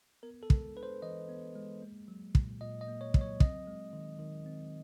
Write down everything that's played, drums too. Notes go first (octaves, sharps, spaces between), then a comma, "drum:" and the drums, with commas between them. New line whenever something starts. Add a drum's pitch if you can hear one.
B3 A#4
A4
G#3, drum: kick
D4 B4
C5
E3 D#5
B3
G#3
A#3
F#3
A#2, drum: kick
A#2 D#5
D#5
A#3
C#5
F#3, drum: kick
C#5
C4 D#5, drum: kick
G#3
D#3
D#3
C4